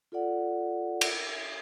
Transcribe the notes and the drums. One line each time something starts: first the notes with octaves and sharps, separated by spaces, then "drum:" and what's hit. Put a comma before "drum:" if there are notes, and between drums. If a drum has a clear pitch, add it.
F4 A4 D5 F#5
drum: cymbal